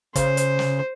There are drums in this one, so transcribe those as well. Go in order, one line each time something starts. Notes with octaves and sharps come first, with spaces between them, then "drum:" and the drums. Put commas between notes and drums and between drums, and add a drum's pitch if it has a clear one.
C#3 C5, drum: kick, hi-hat
drum: hi-hat
drum: snare